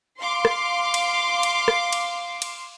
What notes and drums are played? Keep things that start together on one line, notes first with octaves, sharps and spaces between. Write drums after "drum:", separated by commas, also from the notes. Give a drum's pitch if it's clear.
F5 C6 D6
drum: rim click
drum: cymbal
drum: cymbal
drum: rim click
drum: cymbal
drum: cymbal